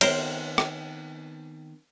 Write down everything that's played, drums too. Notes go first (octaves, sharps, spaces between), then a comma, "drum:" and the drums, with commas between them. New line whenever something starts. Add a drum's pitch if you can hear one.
D#3 B3 C4 A#4 C5 C#5, drum: cymbal
drum: rim click